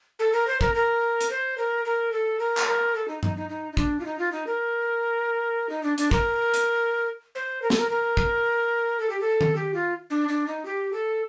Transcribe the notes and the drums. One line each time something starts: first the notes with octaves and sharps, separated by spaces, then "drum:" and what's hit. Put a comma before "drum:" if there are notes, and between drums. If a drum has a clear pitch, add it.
A4
A#4
C5
A#4, drum: kick
A#4
drum: hi-hat
C5
A#4
A#4
A4
A#4
drum: clap
A#4
A4
D#4
D#4, drum: tom G2
D#4
D#4
D#4
D4, drum: kick
F4
D#4
F4
D#4
A#4
D#4
D4
D4, drum: hi-hat
A#4, drum: kick
drum: hi-hat
C5
A#4
A4, drum: snare
A#4
A#4
drum: kick
A4
G4
A4
drum: tom D#3
G4
F4
D4
D4
D#4
G4
A4